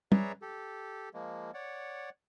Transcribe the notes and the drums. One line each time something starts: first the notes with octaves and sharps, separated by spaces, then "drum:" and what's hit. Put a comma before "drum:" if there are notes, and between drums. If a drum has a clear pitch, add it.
G#4 B4 C#5 D5 E5 A#5, drum: tom
G4 A4
F3 G#3 A#3
C#5 D5 F#5